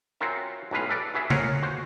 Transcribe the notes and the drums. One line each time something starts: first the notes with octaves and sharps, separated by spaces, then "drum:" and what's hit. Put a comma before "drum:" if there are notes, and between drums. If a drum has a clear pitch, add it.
C4 C#4 F4 F#4 A#4 E5
B1 A2 G#3 B4 F5
A4 B4 D5
F#4 G#4 B4 E5
F4 G#4 A#4 C#5 F5 F#5, drum: tom C#3
F#4 C5